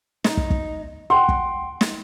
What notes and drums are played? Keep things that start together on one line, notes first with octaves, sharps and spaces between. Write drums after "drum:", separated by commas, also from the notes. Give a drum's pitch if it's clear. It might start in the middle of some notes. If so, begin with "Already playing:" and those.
D#4, drum: snare
drum: kick
drum: kick
F#5 G5 C6
drum: kick
drum: snare